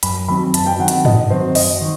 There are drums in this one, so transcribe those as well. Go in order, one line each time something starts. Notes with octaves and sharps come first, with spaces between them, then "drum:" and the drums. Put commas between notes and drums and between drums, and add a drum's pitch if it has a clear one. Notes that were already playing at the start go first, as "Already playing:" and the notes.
F#2 B5, drum: hi-hat
D#3 F#3 C4 B5
F#2 A5, drum: hi-hat
G5
D#3 F#3 C4 F#5
drum: hi-hat
F#2 D#5, drum: tom G2
D#3 F#3 C4 C5
F#2 D#5, drum: open hi-hat
D#3